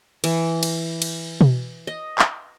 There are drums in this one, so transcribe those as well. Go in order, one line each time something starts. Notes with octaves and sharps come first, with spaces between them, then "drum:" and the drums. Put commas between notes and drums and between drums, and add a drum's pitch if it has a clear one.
E3, drum: cymbal
drum: cymbal
drum: cymbal
drum: tom B2
D#5
drum: clap